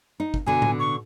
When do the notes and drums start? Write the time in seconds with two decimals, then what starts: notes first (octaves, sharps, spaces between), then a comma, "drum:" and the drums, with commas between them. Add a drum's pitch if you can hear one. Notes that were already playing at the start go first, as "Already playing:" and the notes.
0.20 D#4
0.34 drum: kick
0.46 B2 D3 G#5
0.62 drum: tom A2
0.79 C#6